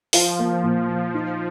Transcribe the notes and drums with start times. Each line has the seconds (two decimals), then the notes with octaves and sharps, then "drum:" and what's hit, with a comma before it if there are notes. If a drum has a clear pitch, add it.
0.13 F3 F4, drum: open hi-hat
0.39 A#3
0.63 A#2 F3
0.89 A#2
1.14 D#4